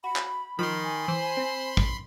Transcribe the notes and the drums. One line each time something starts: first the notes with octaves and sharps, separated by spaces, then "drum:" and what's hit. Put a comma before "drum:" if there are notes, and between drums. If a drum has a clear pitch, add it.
F#4 B5
drum: clap
D#3 F3 B5 C6
G#5
E3 C5
C4
drum: kick